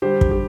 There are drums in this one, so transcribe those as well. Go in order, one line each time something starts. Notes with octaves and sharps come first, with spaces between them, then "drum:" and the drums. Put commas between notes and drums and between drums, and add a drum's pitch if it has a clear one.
D3 G3 G4 C5
drum: kick
G4